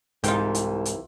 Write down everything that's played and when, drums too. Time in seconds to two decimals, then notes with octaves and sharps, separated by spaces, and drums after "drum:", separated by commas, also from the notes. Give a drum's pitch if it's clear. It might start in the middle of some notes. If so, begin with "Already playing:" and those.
0.24 C2 G#2 E3 D#4 F4 G5, drum: hi-hat
0.55 drum: hi-hat
0.85 drum: hi-hat